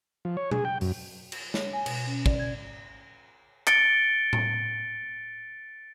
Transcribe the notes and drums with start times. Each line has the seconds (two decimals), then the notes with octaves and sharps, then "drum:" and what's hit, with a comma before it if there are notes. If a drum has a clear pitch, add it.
0.25 F3
0.37 C#5
0.51 G#4, drum: tom B2
0.65 G5
0.81 F#2, drum: open hi-hat
1.32 drum: cymbal
1.54 C#5, drum: snare
1.73 G#5
1.86 B2, drum: cymbal
2.07 C#4
2.26 D5, drum: kick
2.39 G#6
3.67 A6 C#7 D7 G7, drum: clap
4.33 drum: tom A2